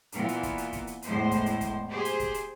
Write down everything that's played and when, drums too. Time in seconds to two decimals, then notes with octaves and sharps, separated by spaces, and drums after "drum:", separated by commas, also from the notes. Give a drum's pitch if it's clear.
0.12 A#2 E3 B3, drum: hi-hat
0.28 drum: hi-hat
0.43 drum: kick, hi-hat
0.58 drum: hi-hat
0.73 drum: kick, hi-hat
0.87 drum: hi-hat
1.02 E2 A2 G#3 C5, drum: hi-hat
1.31 drum: kick, hi-hat
1.46 drum: hi-hat
1.61 drum: kick, hi-hat
1.90 G4 G#4 C5
2.05 drum: hi-hat
2.20 drum: kick, hi-hat
2.34 drum: hi-hat